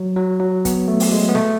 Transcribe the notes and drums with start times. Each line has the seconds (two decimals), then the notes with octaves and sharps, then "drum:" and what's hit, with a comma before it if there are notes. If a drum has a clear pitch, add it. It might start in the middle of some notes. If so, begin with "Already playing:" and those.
Already playing: F#3
0.16 F#3
0.40 F#3
0.65 B3, drum: kick, hi-hat
0.88 A3
1.00 drum: open hi-hat
1.12 G#3
1.29 B3
1.35 A3, drum: snare